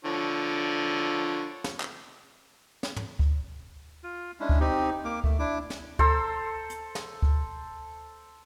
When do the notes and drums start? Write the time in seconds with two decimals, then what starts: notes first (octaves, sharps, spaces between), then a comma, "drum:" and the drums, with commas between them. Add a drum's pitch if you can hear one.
0.05 D3 F3 C#5
1.64 drum: snare
1.80 drum: clap
2.83 drum: snare
2.96 drum: tom
3.19 drum: kick D2
4.04 F4
4.40 G#3 C#4 D4 E4
4.49 drum: kick D2
4.60 C4 D#4 G4
5.05 A#3 D6
5.24 A3, drum: kick D2
5.39 D4 E4 D6
5.70 drum: snare
5.99 A4 C5 A#5 E6, drum: kick D2
6.70 drum: hi-hat
6.95 drum: snare
7.22 drum: kick D2